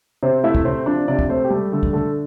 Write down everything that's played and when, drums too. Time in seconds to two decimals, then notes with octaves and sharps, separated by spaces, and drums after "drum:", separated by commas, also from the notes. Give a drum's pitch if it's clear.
0.23 C3 C4 C5
0.44 A3 E4 E5
0.55 drum: kick
0.65 C3 C4 C5
0.86 F3 D4 D5
1.08 C3 D4 D5
1.19 drum: kick
1.29 A3 C4 C5
1.44 G4
1.50 G3 A3 A4
1.72 D3 A3 A4
1.83 drum: kick
1.93 D3 A3 A4